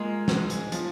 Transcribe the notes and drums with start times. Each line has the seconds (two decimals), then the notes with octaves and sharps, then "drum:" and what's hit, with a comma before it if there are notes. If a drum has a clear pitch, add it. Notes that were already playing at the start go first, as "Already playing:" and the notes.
Already playing: G#3 A#3 F4 G#4
0.28 drum: snare
0.50 drum: hi-hat
0.72 F3, drum: hi-hat